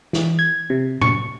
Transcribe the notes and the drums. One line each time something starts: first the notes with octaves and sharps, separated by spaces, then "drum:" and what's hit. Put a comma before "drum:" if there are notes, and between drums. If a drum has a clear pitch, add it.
E3, drum: snare
G#6
C3
C#6, drum: tom A2